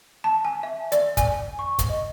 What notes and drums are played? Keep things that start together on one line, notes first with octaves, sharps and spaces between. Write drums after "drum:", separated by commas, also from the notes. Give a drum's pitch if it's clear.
A5
G#5
E5
D5, drum: hi-hat
G#5, drum: kick, hi-hat
C#6
drum: kick, hi-hat
D#5